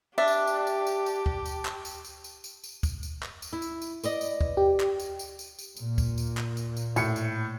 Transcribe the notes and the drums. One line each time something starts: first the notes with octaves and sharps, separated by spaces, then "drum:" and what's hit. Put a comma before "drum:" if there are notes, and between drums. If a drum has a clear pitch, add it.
D4 G4 E5 A5
drum: tambourine
drum: tambourine
drum: tambourine
drum: tambourine
drum: tambourine
drum: kick
drum: tambourine
drum: clap
drum: tambourine
drum: tambourine
drum: tambourine
drum: tambourine
drum: tambourine
drum: kick, tambourine
drum: tambourine
drum: clap
drum: tambourine
E4
drum: tambourine
drum: tambourine
B4 D5 D#5, drum: tambourine
drum: tambourine
drum: kick
G4
drum: clap
drum: tambourine
drum: tambourine
drum: tambourine
drum: tambourine
A#2, drum: tambourine
drum: kick, tambourine
drum: tambourine
drum: clap
drum: tambourine
drum: tambourine
A2 C#7, drum: tambourine
drum: tambourine